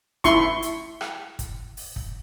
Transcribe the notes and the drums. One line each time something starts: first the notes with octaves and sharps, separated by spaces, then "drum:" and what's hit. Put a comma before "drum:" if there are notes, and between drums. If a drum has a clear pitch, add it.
E4 C6 C#6, drum: kick, hi-hat
drum: hi-hat
drum: rim click
drum: kick, hi-hat
drum: open hi-hat
drum: kick